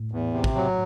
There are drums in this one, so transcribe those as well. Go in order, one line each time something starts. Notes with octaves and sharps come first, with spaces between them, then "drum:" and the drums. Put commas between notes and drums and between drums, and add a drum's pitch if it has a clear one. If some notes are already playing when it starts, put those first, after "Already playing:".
Already playing: A2
E2
C3
drum: kick
F#3